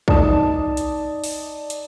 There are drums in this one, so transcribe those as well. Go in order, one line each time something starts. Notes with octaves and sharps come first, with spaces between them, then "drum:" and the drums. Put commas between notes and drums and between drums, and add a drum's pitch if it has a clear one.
D#4 D5 A5 D#6 E7, drum: kick
drum: hi-hat
drum: open hi-hat
drum: hi-hat